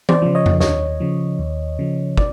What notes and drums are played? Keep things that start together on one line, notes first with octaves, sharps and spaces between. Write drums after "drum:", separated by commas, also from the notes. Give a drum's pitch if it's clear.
C5 D5, drum: tom E3
C#3 F3
C#5 D#5
drum: tom F2
D#2 C#5 D#5, drum: snare
C#3 F3
D#2
C#3 F3
D5, drum: kick